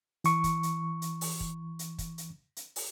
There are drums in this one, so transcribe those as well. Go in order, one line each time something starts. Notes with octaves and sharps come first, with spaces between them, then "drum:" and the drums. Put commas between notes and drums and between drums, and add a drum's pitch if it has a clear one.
E3 C#6, drum: hi-hat
drum: kick, hi-hat
drum: hi-hat
drum: hi-hat
drum: open hi-hat
drum: kick
drum: hi-hat
drum: kick, hi-hat
drum: hi-hat
drum: hi-hat
drum: open hi-hat